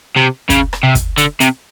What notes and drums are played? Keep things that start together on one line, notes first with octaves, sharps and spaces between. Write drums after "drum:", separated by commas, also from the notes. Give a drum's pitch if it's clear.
C3
C#3, drum: kick, hi-hat
drum: rim click
C3
drum: kick, hi-hat
D3, drum: hi-hat
C3, drum: hi-hat